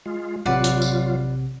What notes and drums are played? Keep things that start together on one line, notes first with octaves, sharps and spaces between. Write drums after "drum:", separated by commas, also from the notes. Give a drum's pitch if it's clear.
G#3 F4
A1 C3 F#3 F4 B4 D5 F#5
drum: hi-hat
drum: tambourine